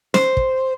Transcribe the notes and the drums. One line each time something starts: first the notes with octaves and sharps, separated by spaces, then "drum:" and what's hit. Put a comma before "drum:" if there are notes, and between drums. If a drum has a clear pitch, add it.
C5, drum: snare
drum: kick